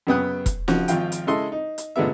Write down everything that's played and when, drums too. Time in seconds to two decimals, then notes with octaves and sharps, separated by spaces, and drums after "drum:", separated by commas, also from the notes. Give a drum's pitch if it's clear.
0.07 F#2 C#3 B3 G5 D#6 F#6
0.46 drum: kick E1, hi-hat
0.68 C#3 F3 F#4, drum: snare
0.88 G#1 F3 F4 G5, drum: hi-hat
1.12 drum: hi-hat
1.27 C#3 G#3 E4 A4 D#5 C6
1.52 D#4
1.78 drum: hi-hat
1.96 A#2 D3 G#3 B3 E5